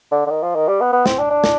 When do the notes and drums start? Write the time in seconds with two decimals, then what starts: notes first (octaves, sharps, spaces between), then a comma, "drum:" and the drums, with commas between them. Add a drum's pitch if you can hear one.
0.11 D3
0.26 D3
0.30 D#3
0.43 F3
0.55 D#3
0.68 G3
0.81 B3
0.93 B3
1.06 C4, drum: snare
1.19 D4
1.30 D4
1.44 drum: snare